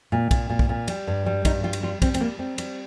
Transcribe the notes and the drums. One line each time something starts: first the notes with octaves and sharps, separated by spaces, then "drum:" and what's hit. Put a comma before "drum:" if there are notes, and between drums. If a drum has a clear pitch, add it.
A#2
A#2, drum: kick B1, cymbal
A#2
drum: kick B1
A#2
G3, drum: cymbal
G2
G3
G2 D#4, drum: kick B1, cymbal
G3 F4
drum: cymbal
G3 F4
G3 C4, drum: kick B1, cymbal
C4, drum: cymbal
G3 A#3
G3 C4
G3, drum: cymbal